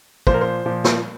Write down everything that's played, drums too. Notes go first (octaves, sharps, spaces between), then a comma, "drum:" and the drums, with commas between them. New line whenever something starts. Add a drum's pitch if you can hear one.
A#2 F3 C5, drum: kick
A#4
C5
A#2 F3
drum: snare